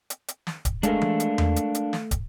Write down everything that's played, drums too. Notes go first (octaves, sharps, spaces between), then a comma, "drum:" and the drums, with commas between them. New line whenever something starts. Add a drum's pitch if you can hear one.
drum: hi-hat
drum: hi-hat
drum: snare
drum: kick, hi-hat
G#3 A3 D4 A4 A#4 F5, drum: hi-hat
drum: tom E3
drum: hi-hat
drum: tom E2
drum: hi-hat
drum: hi-hat
drum: snare
drum: kick, hi-hat